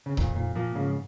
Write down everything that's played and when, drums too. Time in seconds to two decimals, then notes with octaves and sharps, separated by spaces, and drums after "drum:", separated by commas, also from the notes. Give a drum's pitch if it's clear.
0.06 C#3
0.17 F2 A#2 D#3, drum: kick C#1
0.36 A#2
0.55 A#2 F3 A#3
0.75 G#2 C#3